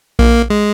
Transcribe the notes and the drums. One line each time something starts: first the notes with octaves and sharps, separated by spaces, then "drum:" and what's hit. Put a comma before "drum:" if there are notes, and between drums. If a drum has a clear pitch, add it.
A#3, drum: kick A#1
G#3